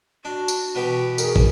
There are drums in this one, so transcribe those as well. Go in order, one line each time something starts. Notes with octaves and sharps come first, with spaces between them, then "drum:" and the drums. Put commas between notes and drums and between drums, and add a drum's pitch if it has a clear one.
D4 F#4
drum: tambourine
B2 E3 G4
G#4 A#4, drum: tambourine
drum: kick